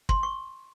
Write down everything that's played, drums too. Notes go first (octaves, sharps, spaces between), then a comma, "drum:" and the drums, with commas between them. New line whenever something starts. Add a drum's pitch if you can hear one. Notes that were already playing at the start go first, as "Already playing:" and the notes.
C6, drum: kick
C#6